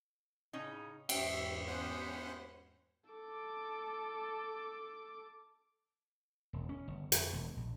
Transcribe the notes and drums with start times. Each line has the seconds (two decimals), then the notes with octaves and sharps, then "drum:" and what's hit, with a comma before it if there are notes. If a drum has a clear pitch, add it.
0.53 A2 C#3 C#4 D#4
1.09 E2 G#2 E5 G5, drum: cymbal
1.67 A#3 B3 C#4 C5 F#5
3.10 A4 D6
6.53 E1
6.69 C#4
6.88 G1
7.12 F2, drum: hi-hat
7.33 E1
7.57 A#1